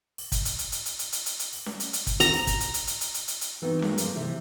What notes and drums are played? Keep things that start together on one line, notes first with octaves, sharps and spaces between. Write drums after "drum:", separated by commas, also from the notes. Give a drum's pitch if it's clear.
drum: open hi-hat
drum: kick, hi-hat
drum: hi-hat
drum: hi-hat
drum: hi-hat
drum: hi-hat
drum: hi-hat
drum: hi-hat
drum: hi-hat
drum: hi-hat
drum: open hi-hat
drum: snare C#4
drum: hi-hat
drum: hi-hat
drum: kick, hi-hat
A#5, drum: hi-hat
drum: open hi-hat
drum: kick, hi-hat
drum: hi-hat
drum: hi-hat
drum: hi-hat
drum: hi-hat
drum: hi-hat
drum: hi-hat
drum: hi-hat
E3 B3 C4 D#4 F#4
G#3 A#3 D#4 F#4, drum: snare C#4
F3 A#3, drum: hi-hat
C3 E3 G4 E5